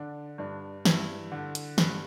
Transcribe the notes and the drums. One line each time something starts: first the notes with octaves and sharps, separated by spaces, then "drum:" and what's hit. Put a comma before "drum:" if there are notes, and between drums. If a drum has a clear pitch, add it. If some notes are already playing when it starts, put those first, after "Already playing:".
Already playing: D3 D4
G2 D4
G2 E4, drum: snare
D3
drum: hi-hat
G2, drum: snare